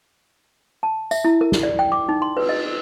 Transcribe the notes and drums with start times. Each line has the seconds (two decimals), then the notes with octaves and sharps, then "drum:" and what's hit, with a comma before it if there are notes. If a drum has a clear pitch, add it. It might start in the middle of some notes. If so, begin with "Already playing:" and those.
0.83 A5
1.11 E5, drum: tambourine
1.25 E4
1.41 A#4
1.52 drum: snare
1.63 D5
1.79 G5
1.92 D6
2.09 D#4
2.22 C6
2.37 B4, drum: cymbal
2.49 D#5